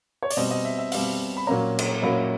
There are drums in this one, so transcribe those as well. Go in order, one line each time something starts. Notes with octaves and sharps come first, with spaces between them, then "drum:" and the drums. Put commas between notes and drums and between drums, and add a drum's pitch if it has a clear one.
C#5
D5, drum: open hi-hat
B2 G3 C4 D#5
D#5
E5
E5
B2 G3 C4 F5, drum: open hi-hat
B5
A#2 F#3 A#3 C#4 A#5
drum: cymbal
A#2 F#3 A#3 C#4 B5